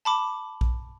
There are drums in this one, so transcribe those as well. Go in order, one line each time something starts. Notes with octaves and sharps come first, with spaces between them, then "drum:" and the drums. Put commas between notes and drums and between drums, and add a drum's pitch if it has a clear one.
A5 B5 D6
drum: kick A#1